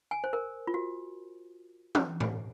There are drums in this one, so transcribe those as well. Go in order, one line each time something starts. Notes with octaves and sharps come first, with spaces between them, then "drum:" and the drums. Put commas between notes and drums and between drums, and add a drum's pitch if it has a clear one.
G#5
C5
A#4
F4
F#4
drum: tom
drum: tom A2